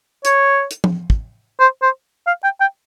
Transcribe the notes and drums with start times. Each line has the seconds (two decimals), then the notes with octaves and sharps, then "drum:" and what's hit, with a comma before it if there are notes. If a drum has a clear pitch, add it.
0.25 C#5, drum: hi-hat
0.71 drum: hi-hat
0.84 drum: tom F3
1.10 drum: kick
1.60 C5
1.82 C5
2.27 F5
2.44 G5
2.61 G5